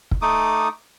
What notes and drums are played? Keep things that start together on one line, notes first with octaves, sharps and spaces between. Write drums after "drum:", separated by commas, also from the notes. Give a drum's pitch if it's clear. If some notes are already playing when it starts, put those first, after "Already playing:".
drum: kick
A3 D#4 D6 D#6